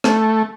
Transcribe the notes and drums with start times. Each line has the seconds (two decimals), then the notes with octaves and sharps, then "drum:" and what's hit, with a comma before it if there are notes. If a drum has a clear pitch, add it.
0.04 A3, drum: rim click